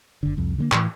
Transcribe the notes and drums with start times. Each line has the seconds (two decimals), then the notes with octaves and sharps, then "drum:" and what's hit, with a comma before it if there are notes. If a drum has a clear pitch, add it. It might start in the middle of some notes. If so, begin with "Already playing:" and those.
0.23 F#1 D3
0.37 C2 F2
0.58 D3 G#3 A#3
0.72 A2 E3, drum: clap